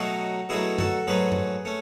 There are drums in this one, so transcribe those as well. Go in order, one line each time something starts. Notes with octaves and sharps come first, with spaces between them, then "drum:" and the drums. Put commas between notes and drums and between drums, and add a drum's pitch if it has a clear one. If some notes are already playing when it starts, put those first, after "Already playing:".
Already playing: B2 F#3 A3 D#4 F#4
B2 F#3 A3 E4 G#4
F#4 A4, drum: tom F#2
G#2 F#3 A3 C#4 G#4 B4
drum: tom F#2
A3 C#4